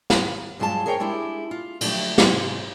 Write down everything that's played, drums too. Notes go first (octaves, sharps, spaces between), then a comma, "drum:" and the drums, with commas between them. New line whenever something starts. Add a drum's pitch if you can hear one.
drum: snare
G2 F#3 G#3 F4 B4 A5
G#4 A#4 C5 C#5 D#5 G5
G#3 D4 E4 G4
F4
D3 F3 F#3 A3 D4 G4, drum: cymbal
G#2 C3 G#3, drum: snare